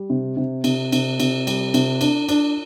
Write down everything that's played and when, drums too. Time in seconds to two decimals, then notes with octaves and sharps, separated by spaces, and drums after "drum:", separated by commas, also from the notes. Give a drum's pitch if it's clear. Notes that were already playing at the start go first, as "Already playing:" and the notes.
Already playing: G3
0.10 C3
0.37 C3
0.64 C3, drum: cymbal
0.92 C3, drum: cymbal
1.20 C3, drum: cymbal
1.47 G3, drum: cymbal
1.74 C3, drum: cymbal
2.01 D4, drum: cymbal
2.29 D4, drum: cymbal